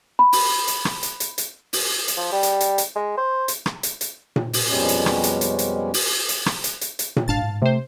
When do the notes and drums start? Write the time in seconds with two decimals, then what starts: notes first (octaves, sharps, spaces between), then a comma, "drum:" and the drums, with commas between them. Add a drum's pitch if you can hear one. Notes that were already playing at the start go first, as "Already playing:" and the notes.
0.19 B5
0.33 drum: open hi-hat
0.68 drum: hi-hat
0.85 drum: rim click
1.03 drum: hi-hat
1.20 drum: hi-hat
1.38 drum: hi-hat
1.73 drum: open hi-hat
2.08 drum: hi-hat
2.17 F3
2.32 G3
2.43 drum: hi-hat
2.60 drum: hi-hat
2.78 drum: hi-hat
2.96 G#3
3.17 C5
3.48 drum: hi-hat
3.66 drum: rim click
3.83 drum: hi-hat
4.01 drum: hi-hat
4.36 drum: tom A#2
4.53 drum: open hi-hat
4.66 F2 B2 G3 G#3 C#4
4.88 drum: hi-hat
5.06 drum: rim click
5.24 drum: hi-hat
5.41 drum: hi-hat
5.59 drum: hi-hat
5.94 drum: open hi-hat
6.29 drum: hi-hat
6.46 drum: rim click
6.64 drum: hi-hat
6.81 drum: hi-hat
6.99 drum: hi-hat
7.16 drum: tom A#2
7.28 F#1 G#2 D4 F5 A5 A6
7.42 G#2
7.62 C3 A3 C5